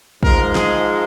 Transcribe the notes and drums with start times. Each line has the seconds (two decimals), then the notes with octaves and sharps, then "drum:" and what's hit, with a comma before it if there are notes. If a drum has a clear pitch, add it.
0.23 G#2 F3 G#3 A#4, drum: kick
0.55 G#4, drum: snare